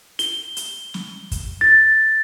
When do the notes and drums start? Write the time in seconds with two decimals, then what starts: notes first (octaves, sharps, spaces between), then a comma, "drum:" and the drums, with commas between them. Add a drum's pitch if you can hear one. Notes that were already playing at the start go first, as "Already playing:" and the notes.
0.19 G7, drum: hi-hat
0.57 drum: hi-hat
0.94 drum: snare
1.32 drum: kick, hi-hat
1.61 A6